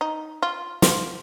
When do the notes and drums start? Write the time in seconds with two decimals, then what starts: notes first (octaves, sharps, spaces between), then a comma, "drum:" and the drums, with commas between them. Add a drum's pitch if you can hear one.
0.01 D#4
0.42 F4
0.82 F4, drum: snare